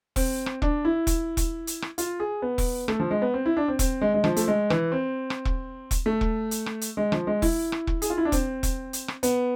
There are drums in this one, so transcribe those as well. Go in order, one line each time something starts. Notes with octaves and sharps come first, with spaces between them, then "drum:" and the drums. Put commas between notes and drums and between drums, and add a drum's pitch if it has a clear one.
C4, drum: kick E1, open hi-hat
drum: rim click
D4, drum: kick E1
E4
drum: kick E1, hi-hat
drum: kick E1, hi-hat
drum: hi-hat
drum: rim click
F4, drum: hi-hat
G#4
B3
drum: kick E1, open hi-hat
A3, drum: rim click
F3
G#3
B3
C4
E4
D4
C4
C4, drum: kick E1, hi-hat
G#3
G#3
F3, drum: rim click
A3, drum: hi-hat
G#3
E3, drum: rim click
C4
drum: rim click
drum: kick E1
drum: kick E1, hi-hat
A3
drum: kick E1
drum: hi-hat
drum: rim click
drum: hi-hat
G#3
F3, drum: rim click
G#3
E4, drum: kick E1, open hi-hat
drum: rim click
drum: kick E1
G#4, drum: hi-hat
F4
E4
D4
C4, drum: kick E1, hi-hat
drum: kick E1, hi-hat
drum: hi-hat
drum: rim click
B3, drum: hi-hat